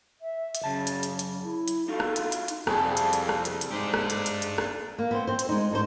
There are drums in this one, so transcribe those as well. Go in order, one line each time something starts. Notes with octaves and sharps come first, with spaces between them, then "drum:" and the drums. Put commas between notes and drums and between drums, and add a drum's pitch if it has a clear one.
E5
drum: hi-hat
F#2 C#3 A5
drum: hi-hat
drum: hi-hat
drum: hi-hat
E4
drum: hi-hat
D#4 F4 F#4 A4
drum: rim click
drum: hi-hat
drum: hi-hat
drum: hi-hat
C2 F2 G3 G#4 A4 C#5, drum: rim click
drum: hi-hat
drum: hi-hat
drum: rim click
drum: hi-hat
drum: hi-hat
G#2 D4 G4
drum: rim click
drum: hi-hat
drum: hi-hat
drum: hi-hat
drum: rim click
A#3
B3 C4 C5
C4 C5
drum: hi-hat
G#3 D#4
A2 D#4 C5